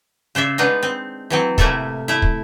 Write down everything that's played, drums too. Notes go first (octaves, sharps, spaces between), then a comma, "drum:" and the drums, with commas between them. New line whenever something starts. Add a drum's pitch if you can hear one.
C#3 C5 D5 E5
G#3 B3 D4 D#4
C4
E3 F#3 C4
A2 C3 A3 A#3 E4 A4, drum: kick
A3 E4
drum: kick